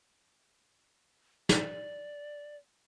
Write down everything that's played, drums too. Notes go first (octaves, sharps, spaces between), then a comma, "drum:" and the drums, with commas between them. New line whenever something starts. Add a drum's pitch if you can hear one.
D5, drum: snare